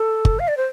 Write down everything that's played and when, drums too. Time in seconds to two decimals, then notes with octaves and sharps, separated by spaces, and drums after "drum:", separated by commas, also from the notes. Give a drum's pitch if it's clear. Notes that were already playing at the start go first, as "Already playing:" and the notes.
Already playing: A4
0.25 drum: kick G1
0.39 F5
0.48 D5
0.57 C5